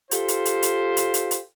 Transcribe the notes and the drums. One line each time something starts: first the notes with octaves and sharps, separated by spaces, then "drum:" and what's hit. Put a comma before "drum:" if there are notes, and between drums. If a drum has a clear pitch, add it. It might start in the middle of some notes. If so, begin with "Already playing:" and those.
F4 G4 A4 C5, drum: hi-hat
drum: hi-hat
drum: hi-hat
drum: hi-hat
drum: hi-hat
drum: hi-hat
drum: hi-hat